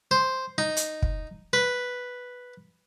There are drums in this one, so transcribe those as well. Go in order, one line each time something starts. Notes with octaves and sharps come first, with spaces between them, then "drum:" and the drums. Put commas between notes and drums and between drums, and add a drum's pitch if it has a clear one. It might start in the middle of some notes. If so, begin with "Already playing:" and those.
C5
D#4
drum: hi-hat
drum: kick
B4